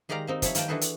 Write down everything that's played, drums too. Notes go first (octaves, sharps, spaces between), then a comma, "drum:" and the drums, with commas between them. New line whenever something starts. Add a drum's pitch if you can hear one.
D#3 G#3 G4 D5 F5 A#5
A#3 C4 D#4
F3 G3 C#5 E5, drum: kick, hi-hat
D#3 A#3 B4 G5 A5, drum: hi-hat
E3 D4 F#4 G#4 A4 B4
drum: hi-hat